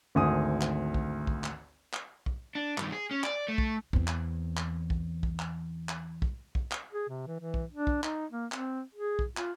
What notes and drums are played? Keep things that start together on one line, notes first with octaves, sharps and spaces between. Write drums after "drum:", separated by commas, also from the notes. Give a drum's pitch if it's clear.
G#1 D2 G#5 D#6
drum: clap
drum: kick
drum: kick
drum: clap
drum: clap
drum: kick
D4
G2 D#3, drum: clap
G#4
C#4
D5, drum: clap
A3
drum: kick
E2 C4, drum: kick
drum: clap
drum: clap
drum: kick
drum: kick
drum: clap
drum: clap
drum: kick
drum: kick
drum: clap
G#4
C3
E3
E3
drum: kick
D4
drum: kick
D#4, drum: clap
A#3
C4, drum: clap
G#4
drum: kick
F4, drum: clap